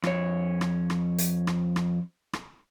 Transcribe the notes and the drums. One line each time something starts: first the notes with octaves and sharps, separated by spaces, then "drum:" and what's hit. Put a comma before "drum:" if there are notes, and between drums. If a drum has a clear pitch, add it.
F2 C#5, drum: rim click
drum: rim click
drum: rim click
drum: hi-hat
drum: rim click
drum: rim click
drum: rim click